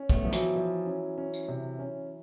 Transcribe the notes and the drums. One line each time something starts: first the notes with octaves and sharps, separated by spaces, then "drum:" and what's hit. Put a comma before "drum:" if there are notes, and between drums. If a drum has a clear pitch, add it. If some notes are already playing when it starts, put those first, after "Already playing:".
Already playing: C#4
A3 B3, drum: kick
F3
E3 F#3, drum: hi-hat
F3
C#4
C#4
drum: tambourine
C3
C#4